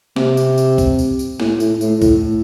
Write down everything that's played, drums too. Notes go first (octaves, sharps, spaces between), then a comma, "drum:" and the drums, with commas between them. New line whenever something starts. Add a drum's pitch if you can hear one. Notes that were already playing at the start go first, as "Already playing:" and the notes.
C3, drum: snare
drum: tambourine
drum: tambourine
drum: kick C2, tambourine
drum: tambourine
drum: tambourine
A2, drum: snare
A2, drum: tambourine
A2, drum: tambourine
A2, drum: kick C2, tambourine